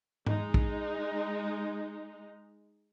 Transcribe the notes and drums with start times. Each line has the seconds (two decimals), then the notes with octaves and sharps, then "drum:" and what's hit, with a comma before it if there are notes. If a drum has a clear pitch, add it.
0.26 G#3 D#4, drum: tom G#2
0.54 drum: kick